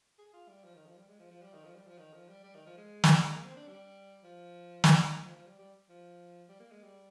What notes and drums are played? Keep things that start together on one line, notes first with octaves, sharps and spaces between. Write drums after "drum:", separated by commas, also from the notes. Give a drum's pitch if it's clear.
G#4
F4
G3
F3
D#3
F3
G3
G#3
F3
F3
G3
D#3
F3
G3
F3
D#3
F3
G3
G3
D#3
F3
G#3
drum: snare
A#3
C4
D4
G3
F3
drum: snare
D#3
F3
F3
G3
G3
F3
G3
A#3
G#3
G3